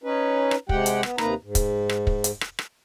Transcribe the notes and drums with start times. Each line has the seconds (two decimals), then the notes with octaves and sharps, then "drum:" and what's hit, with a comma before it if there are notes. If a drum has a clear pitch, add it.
0.04 C#4 D#4 B4
0.51 drum: rim click
0.69 C3 G#3 G4 F#5 G5, drum: kick
0.86 drum: hi-hat
1.03 B3, drum: rim click
1.18 D#2 C3 A#3 D#4 B4 A#5, drum: rim click
1.43 G#2
1.55 drum: kick, hi-hat
1.89 drum: rim click
2.07 drum: kick
2.24 drum: hi-hat
2.41 drum: rim click
2.59 drum: rim click